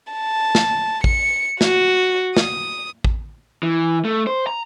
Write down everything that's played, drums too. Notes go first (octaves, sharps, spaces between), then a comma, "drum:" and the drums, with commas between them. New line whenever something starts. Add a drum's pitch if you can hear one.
A5
drum: snare
C#7, drum: kick A1
F#4, drum: snare
D#6, drum: snare
drum: kick A1
E3
A3
C5
A#5